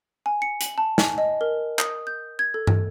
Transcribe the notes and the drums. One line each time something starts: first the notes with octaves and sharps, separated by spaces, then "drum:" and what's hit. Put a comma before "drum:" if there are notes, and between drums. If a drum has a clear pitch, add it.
G#5
C#7
F#7, drum: hi-hat
A5
G#5, drum: snare
D#5
A#4
D#6, drum: clap
G6
G#6
A4
drum: tom